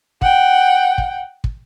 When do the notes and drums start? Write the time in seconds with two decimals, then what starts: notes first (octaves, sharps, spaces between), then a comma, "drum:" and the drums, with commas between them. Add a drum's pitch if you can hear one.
0.22 F#5 G5, drum: kick
0.98 drum: kick
1.44 drum: kick